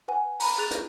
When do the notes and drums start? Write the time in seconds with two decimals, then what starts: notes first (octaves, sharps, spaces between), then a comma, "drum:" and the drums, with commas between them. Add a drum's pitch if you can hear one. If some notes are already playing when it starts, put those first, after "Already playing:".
0.08 B4 F#5 G#5
0.40 A#5 B5, drum: open hi-hat
0.58 G#4 F#6 A6 F7
0.71 drum: hi-hat